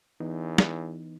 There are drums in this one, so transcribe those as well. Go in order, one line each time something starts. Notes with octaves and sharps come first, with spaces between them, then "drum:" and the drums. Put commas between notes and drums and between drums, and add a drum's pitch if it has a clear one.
E2 E3 B3 D#4
drum: snare